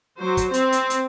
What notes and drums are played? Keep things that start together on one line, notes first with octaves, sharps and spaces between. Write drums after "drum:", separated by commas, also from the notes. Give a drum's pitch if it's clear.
F#3 C5
drum: kick, hi-hat
C4, drum: hi-hat
drum: hi-hat
drum: hi-hat